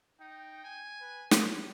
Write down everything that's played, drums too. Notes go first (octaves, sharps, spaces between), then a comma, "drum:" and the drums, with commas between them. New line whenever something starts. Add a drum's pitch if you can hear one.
D#4 G5
G#5
B4
G#4, drum: snare